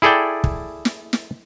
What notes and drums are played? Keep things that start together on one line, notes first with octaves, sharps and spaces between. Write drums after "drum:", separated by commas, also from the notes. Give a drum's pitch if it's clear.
E4 G#4 A4 D5 G5
drum: kick
drum: snare
drum: snare